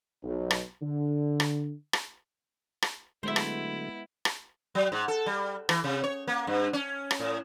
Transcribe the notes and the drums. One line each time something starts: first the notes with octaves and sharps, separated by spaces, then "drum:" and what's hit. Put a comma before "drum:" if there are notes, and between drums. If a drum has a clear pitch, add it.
B1
drum: rim click
D3
drum: rim click
drum: rim click
drum: rim click
D3 F#3 G#3 A3 B3 E4 C5 E5
drum: rim click
drum: rim click
F#3
G#2
A4
G3
E3, drum: rim click
C3
C#5
A#3
G2
C#4
drum: rim click
A2